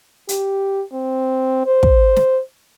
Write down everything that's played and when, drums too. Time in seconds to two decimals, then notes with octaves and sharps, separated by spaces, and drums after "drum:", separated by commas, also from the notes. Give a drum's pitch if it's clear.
0.29 G4, drum: hi-hat
0.93 C4
1.66 C5
1.83 drum: kick
2.16 drum: snare